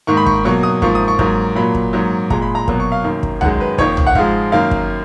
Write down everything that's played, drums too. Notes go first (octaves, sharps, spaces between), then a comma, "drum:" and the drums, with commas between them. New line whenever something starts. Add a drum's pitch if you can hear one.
G#2 D#3 A#3 C#6
B5
C#6, drum: kick
B2 F#3 A#3 C#6
D#6
G#2 F3 A#3 C#6, drum: kick
D#6
C#6
G#2 F#3 A#3, drum: kick
A#2 F#3 A#3 B5
drum: kick
G#2 F#3 A#3
A#2 G#3 A#5, drum: kick
B5
A#5
B2 F#3 A#3, drum: kick
C#6
F5
F#2 D#3 A#3
drum: kick
F#2 D#3 G#3 F#5, drum: tom B1
B4
F2 D#3 A#3 C#5, drum: kick
drum: tom B1
F#5
G#2 F3 G#3 F5, drum: kick
F#2 D#3 A#3 F5
drum: kick